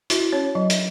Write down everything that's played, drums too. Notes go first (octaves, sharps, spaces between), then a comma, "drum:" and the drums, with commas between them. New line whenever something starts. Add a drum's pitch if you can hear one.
E4 F#4, drum: hi-hat
C#4 C#5
F#3 D#5
drum: hi-hat